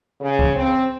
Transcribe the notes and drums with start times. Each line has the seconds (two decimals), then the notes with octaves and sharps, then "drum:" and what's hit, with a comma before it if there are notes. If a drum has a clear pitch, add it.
0.20 C#3
0.39 drum: kick C2
0.55 C4